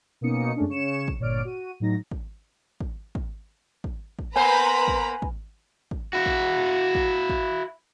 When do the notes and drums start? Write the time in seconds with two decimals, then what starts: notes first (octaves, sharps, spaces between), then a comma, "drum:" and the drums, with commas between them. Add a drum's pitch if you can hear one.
0.21 B2 A#3 C#4 D#4 D#6 C#7
0.56 F#2 G#3 A3 C#4 D4
0.69 C#3 C#5 C#7 E7
1.08 drum: kick
1.19 G1 A#2 C#5 D5 F6 D7
1.45 F#4 D#7
1.80 A2 F#3 D#4 A#6
2.11 drum: kick
2.81 drum: kick
3.15 drum: kick
3.84 drum: kick
4.19 drum: kick
4.36 A#3 B3 B4 C5 G#5 A#5 B5
4.88 drum: kick
5.22 drum: kick
5.91 drum: kick
6.13 E4 F#4
6.26 drum: kick
6.95 drum: kick
7.29 drum: kick